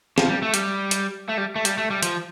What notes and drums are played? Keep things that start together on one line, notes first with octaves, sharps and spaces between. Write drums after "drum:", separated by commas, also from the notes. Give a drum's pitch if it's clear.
F3, drum: snare C4
G3
A3
G3, drum: hi-hat
drum: hi-hat
A3
G3
A3
G3, drum: hi-hat
A3
G3
F3, drum: hi-hat